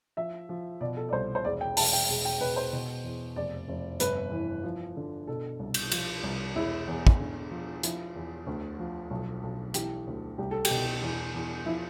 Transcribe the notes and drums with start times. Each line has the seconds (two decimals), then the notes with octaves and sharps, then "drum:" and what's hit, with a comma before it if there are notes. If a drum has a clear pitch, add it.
0.17 F3 E5
0.49 F3
0.81 B2 D5
0.97 A4
1.09 D5
1.12 C2 C5
1.35 C5
1.45 E1 D5
1.61 G5
1.77 E1 A5, drum: open hi-hat
1.93 G5
2.09 E1
2.25 G5
2.41 B2 B4
2.56 C5
2.73 B2
3.04 E2
3.36 F1 D5
3.68 F1
4.00 G1 B4, drum: hi-hat
4.31 E3
4.63 F3
4.96 D3
5.27 B2 A4
5.59 C2
5.74 drum: cymbal
5.92 F3, drum: cymbal
6.23 C2
6.55 E1 E4
6.88 E2
7.07 drum: kick
7.19 D3
7.51 F3
7.83 F3 E4, drum: hi-hat
8.16 E2
8.47 D2
8.79 F3
9.11 B1
9.43 B1
9.74 E3 G4, drum: hi-hat
10.07 D2
10.38 C2 G4
10.51 A4
10.65 G4, drum: cymbal
10.71 B2
11.02 E2
11.34 E2
11.66 F3 E4